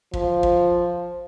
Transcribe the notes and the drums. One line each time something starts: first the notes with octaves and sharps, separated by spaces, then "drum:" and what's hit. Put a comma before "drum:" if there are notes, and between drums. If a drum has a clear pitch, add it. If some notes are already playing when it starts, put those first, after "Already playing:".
F3, drum: kick
drum: kick